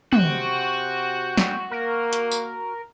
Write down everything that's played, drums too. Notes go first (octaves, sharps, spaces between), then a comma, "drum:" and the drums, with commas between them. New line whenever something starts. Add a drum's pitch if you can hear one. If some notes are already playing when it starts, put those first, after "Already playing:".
C3 F#4 G5, drum: tom
drum: snare
A#3 A#4
drum: hi-hat
drum: tambourine